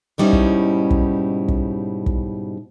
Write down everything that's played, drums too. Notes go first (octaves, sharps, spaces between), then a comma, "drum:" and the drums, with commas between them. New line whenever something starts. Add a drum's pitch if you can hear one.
G#2 B2 G3 C#4 D#4 E4
drum: kick
drum: kick
drum: kick
drum: kick